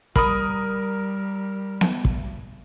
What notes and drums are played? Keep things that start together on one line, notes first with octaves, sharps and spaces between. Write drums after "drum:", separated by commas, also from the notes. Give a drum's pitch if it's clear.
G3 A#4 B5 D#6, drum: kick
drum: snare B3
drum: kick